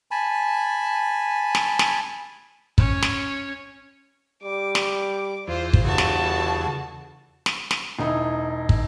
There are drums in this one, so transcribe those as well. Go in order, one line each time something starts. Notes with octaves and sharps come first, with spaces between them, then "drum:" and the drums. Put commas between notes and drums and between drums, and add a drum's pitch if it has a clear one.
G#5 A5 B5
drum: snare
drum: snare
C#4 C#5, drum: kick
drum: snare
G3 D6
drum: snare
E2 F4 C5
drum: kick
G1 C#3 F#4 A5
drum: snare
drum: snare
drum: snare
E1 D#4 E4
drum: kick